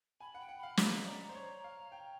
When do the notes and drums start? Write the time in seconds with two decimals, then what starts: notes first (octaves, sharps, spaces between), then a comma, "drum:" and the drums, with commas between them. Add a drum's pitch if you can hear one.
0.20 G#5 B5
0.35 F#5
0.40 G5
0.49 F#5
0.58 F5 B5
0.77 D#5 A#5, drum: snare
1.06 D5 A#5
1.29 C5
1.35 C#5
1.64 F5
1.92 G5